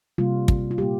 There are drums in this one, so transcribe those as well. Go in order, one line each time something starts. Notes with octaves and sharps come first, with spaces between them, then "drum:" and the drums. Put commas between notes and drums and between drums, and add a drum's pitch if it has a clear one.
C3 G3 A#3 F4
drum: kick
F4
A#2 G3 A#3 G4